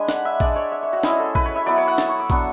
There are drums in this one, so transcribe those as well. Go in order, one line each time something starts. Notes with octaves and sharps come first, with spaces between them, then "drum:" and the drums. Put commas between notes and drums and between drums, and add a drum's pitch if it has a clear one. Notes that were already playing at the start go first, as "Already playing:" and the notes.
Already playing: G#3 D4 G#5 B5
F#5, drum: snare
E5
G#3 D4 D5, drum: kick
C#5
E5
C#5
F#4
G#3 C#4 E4 G#4, drum: snare
A4
B4, drum: kick
C#5
E5
F#3 B3 E4 D5
C#5
F#5
A5, drum: snare
C#6
D6
F#3 B3 D4 C#6, drum: kick